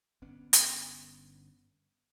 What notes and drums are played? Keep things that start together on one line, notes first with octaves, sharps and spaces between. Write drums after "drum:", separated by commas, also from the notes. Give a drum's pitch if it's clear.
G1 B3 C#4 D4
drum: hi-hat